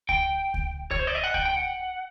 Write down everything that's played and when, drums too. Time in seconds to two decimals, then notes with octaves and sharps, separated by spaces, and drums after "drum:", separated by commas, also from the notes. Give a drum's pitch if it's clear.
0.09 G5, drum: kick C#2
0.54 drum: kick C#2
0.91 C#5, drum: kick C#2
0.99 C5
1.07 D5
1.15 D#5
1.24 F#5
1.34 G5, drum: kick C#2
1.45 G5
1.56 F#5